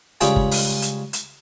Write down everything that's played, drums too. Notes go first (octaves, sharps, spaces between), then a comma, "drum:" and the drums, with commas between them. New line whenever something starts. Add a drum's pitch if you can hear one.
C#2 G3 C#4 F4 G#4 G5, drum: hi-hat
drum: kick G1
drum: open hi-hat
drum: hi-hat
drum: hi-hat